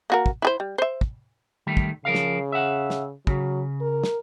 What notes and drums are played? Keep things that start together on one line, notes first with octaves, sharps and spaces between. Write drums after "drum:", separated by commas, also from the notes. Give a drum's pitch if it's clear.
A#3 F#4 A#4
drum: kick
E4 G#4 C5
G3
C5 E5
drum: kick
D#3 G3 A3
drum: kick
C#3 F3 A#4 F5
drum: snare
E5 F#5
drum: snare
C#3 F#3, drum: kick
A#4
drum: snare